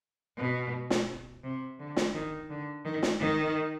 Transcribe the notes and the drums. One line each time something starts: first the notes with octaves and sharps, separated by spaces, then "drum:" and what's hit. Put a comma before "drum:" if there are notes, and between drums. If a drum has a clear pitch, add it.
B2
drum: snare
C3
D3
drum: snare
D#3
D3
D#3
drum: snare
D#3